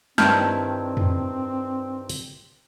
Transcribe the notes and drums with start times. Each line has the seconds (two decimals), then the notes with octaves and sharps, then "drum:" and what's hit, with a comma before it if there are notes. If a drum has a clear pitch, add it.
0.18 G2 D#3 C4 E4 A5 F6 G6, drum: snare
0.97 drum: tom F2
2.09 drum: open hi-hat